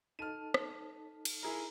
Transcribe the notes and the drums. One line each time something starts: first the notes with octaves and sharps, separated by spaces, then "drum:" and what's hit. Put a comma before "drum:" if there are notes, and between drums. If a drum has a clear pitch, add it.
D#4 A4 A5 F6 D#7
drum: rim click
drum: cymbal
E4 G#4 A#4